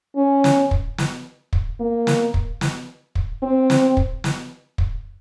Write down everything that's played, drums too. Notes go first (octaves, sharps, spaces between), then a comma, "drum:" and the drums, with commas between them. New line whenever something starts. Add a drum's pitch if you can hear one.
C#4
drum: snare
drum: kick
drum: snare
drum: kick
A#3
drum: snare
drum: kick
drum: snare
drum: kick
C4
drum: snare
drum: kick
drum: snare
drum: kick